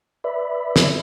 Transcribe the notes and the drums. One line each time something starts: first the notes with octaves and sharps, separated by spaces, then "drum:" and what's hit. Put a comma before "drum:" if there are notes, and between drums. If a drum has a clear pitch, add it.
B4 D5 E5 B5
drum: snare